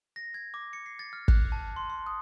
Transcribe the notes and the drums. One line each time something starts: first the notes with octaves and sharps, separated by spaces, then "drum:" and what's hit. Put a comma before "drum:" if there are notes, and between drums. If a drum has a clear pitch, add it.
A#6
G#6
D6
C#7
C7
A6
F6
F#6, drum: kick
A5
C6
C6
D#6